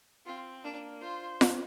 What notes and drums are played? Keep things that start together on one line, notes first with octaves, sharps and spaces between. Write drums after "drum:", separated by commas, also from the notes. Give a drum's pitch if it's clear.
C4 F4
A#3 D4
F4 C5
drum: snare F4